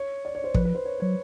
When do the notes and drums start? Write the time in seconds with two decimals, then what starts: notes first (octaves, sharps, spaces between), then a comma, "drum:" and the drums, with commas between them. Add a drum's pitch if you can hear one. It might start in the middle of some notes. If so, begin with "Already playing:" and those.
Already playing: C#5
0.25 D5
0.35 C#5
0.44 C5
0.55 F3 B4, drum: kick
0.65 B4
0.75 C5
0.85 C#5
1.00 F#3 C#5